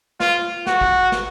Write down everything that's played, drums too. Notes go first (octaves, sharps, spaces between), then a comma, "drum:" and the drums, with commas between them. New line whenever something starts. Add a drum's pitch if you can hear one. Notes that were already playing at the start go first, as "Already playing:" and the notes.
F4, drum: snare
F#4, drum: snare
drum: kick
drum: snare